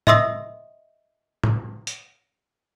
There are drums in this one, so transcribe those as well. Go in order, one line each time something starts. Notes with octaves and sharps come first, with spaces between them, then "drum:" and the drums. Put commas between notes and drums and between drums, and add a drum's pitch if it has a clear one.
D#5 E5 C6 D#6 E6 A#6, drum: tom
drum: tom
drum: hi-hat